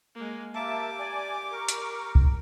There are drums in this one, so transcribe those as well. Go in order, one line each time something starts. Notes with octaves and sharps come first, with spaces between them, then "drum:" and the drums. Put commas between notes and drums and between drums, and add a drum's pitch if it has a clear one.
G#3 A#3
A#3 G4 E5 A5 D6
D5 G#5
A#4 C#6
drum: hi-hat
drum: kick C2